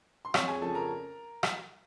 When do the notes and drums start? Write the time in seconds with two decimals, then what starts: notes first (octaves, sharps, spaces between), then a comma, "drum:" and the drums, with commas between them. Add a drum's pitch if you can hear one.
0.25 C6
0.34 F2 C#5 C#6, drum: rim click
0.48 G#4 G#5
0.61 C#3 F3 A4 A5
0.74 A#4 A#5
1.43 drum: rim click